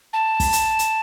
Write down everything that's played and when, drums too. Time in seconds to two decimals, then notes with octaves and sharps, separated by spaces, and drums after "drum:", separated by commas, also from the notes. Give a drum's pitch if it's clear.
0.13 A5
0.40 drum: kick, open hi-hat
0.53 drum: hi-hat
0.79 drum: hi-hat